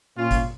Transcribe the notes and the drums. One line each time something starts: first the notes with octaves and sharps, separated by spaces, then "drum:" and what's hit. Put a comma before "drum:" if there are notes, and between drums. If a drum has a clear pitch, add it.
A#2 C#4 F4
drum: kick G#1, hi-hat